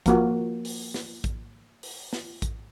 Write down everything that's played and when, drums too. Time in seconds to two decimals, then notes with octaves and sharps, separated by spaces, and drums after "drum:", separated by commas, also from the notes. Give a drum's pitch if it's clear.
0.06 F3 A#3 F#4, drum: kick A1, hi-hat
0.65 drum: open hi-hat
0.94 drum: snare
1.24 drum: kick A1, hi-hat
1.83 drum: open hi-hat
2.13 drum: snare
2.42 drum: kick A1, hi-hat